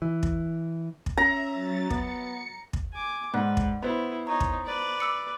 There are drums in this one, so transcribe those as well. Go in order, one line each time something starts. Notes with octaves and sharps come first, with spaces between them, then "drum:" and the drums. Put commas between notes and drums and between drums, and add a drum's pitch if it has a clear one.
E3
drum: kick
drum: kick
C#4 E5 A#5
F#3 A6
B3 C#7, drum: kick
drum: kick
G#5 D6
G#2 B4 D5 F#5 F#6
drum: kick
B3 E4 C5
D#4 C#5 A#5
drum: kick
B4 D5
D6 E6 C#7